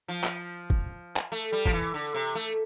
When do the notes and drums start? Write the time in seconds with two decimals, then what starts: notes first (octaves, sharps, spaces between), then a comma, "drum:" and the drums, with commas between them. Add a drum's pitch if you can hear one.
0.08 F3
0.24 drum: clap
0.70 drum: kick
1.16 drum: clap
1.32 A3
1.52 G3
1.66 F3, drum: kick
1.73 E3
1.94 D3
2.14 C3
2.35 A3